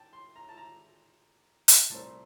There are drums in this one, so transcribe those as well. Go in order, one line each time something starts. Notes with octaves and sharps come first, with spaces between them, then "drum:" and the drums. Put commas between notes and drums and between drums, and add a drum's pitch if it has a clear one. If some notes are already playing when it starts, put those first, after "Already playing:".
Already playing: G5 A5
C6
A#5
A5
A#5
drum: hi-hat
C2 A#2 A3 C4 A5